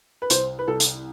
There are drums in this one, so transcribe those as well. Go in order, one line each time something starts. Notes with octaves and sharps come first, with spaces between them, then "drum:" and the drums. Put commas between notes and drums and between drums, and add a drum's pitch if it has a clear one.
B4
C2 C5, drum: hi-hat
B4
C2 A4
drum: hi-hat